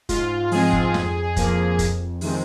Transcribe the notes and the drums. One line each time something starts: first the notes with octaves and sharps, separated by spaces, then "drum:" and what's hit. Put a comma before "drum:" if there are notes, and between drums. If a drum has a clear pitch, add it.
G#2 F4, drum: kick, hi-hat
F3 G#3 C4 G#4, drum: open hi-hat
drum: kick
F2, drum: snare
F3 A#3, drum: kick, hi-hat
F2, drum: kick, hi-hat
C3 D#3 G#3 C4, drum: open hi-hat